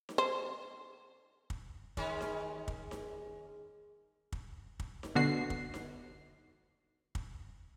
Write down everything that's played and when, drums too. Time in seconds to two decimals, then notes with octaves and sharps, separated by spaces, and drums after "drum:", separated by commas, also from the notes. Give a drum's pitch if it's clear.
0.09 drum: snare D#4
0.18 C5
1.50 drum: kick
1.97 D#3 G#3 C#4, drum: kick
2.21 drum: snare D#4
2.68 drum: kick
2.91 drum: snare D#4
4.32 drum: kick
4.80 drum: kick
5.03 drum: snare D#4
5.15 B2 D3 F#4 C7
5.50 drum: kick
5.74 drum: snare D#4
7.15 drum: kick